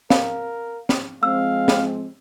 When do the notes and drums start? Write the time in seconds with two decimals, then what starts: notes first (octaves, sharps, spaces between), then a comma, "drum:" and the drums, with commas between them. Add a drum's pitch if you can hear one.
0.10 A#4 F5, drum: snare
0.89 drum: snare
1.23 F3 G#3 C4 F5 E6
1.68 drum: snare